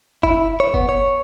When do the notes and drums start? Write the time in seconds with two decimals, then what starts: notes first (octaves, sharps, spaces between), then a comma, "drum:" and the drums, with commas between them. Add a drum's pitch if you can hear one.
0.23 E4, drum: kick F#1
0.60 C#5
0.74 B3, drum: kick F#1
0.89 C#5